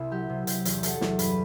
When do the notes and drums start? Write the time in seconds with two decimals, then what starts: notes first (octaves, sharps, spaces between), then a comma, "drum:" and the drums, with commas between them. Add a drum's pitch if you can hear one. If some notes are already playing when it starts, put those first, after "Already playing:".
Already playing: C2 C3 E4
0.11 F#3 G4
0.30 C3
0.47 C3 G4, drum: hi-hat
0.65 E2, drum: hi-hat
0.83 F#3 A4, drum: hi-hat
1.01 E2, drum: snare
1.19 G2 B4, drum: hi-hat